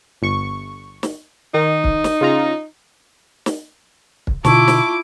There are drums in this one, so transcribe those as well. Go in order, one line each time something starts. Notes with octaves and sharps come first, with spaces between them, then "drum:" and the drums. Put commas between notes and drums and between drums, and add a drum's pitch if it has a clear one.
G1 C#6
drum: snare
D#3 D#4
drum: kick
drum: snare
C#3 F4 A#5
drum: snare
drum: kick
B2 D3 E4 F4 A5 C#6 D6, drum: snare
drum: snare